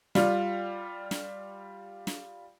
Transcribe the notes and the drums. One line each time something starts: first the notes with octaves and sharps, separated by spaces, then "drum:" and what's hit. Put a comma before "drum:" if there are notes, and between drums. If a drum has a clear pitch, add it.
G3 F4, drum: snare
drum: snare
drum: snare